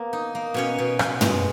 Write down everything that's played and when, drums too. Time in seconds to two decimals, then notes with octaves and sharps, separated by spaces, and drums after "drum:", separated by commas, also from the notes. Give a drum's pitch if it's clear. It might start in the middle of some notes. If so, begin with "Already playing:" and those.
Already playing: A#3 B3
0.13 D#4
0.35 A#3
0.54 B2 C#4 C#5
0.78 B2
0.99 B2, drum: rim click
1.21 G#3, drum: tom